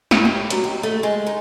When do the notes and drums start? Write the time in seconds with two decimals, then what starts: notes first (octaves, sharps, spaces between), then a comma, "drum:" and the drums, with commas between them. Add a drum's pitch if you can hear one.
0.11 A2, drum: snare
0.25 G4
0.50 F#3, drum: hi-hat
0.64 D#2
0.83 A3
1.03 G#3
1.27 D#4